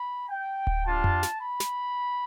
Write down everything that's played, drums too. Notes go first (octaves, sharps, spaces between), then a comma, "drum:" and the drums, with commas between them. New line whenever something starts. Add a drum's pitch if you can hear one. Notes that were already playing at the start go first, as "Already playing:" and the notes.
Already playing: B5
G5
drum: kick D1
G3 D4 F4 A5
drum: tom F2
drum: snare
B5
drum: snare